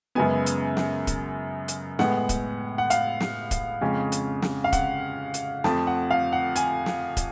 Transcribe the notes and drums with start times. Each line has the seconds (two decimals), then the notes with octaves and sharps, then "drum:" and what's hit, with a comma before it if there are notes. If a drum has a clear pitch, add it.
0.15 F#2 C#3 G#3 B3 G#5
0.46 drum: hi-hat
0.77 drum: snare
1.07 drum: kick, hi-hat
1.68 drum: hi-hat
1.99 A2 G#3 B3 F#5, drum: snare
2.29 drum: kick, hi-hat
2.78 F#5
2.90 F5, drum: hi-hat
3.20 drum: snare
3.51 drum: kick, hi-hat
3.81 F2 C#3 G#3 C#4
4.12 drum: hi-hat
4.42 drum: snare
4.64 F5
4.72 F#5, drum: kick, hi-hat
5.34 drum: hi-hat
5.64 F2 F3 A3 A5, drum: snare
5.87 F#5
6.11 F5
6.33 F#5
6.56 G#5, drum: hi-hat
6.86 drum: snare
7.17 drum: kick, hi-hat